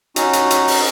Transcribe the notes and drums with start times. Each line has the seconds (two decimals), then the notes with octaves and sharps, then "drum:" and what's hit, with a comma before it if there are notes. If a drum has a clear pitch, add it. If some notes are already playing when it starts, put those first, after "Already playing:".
0.16 C#4 D#4 F#4, drum: hi-hat
0.33 drum: hi-hat
0.50 drum: hi-hat
0.68 drum: open hi-hat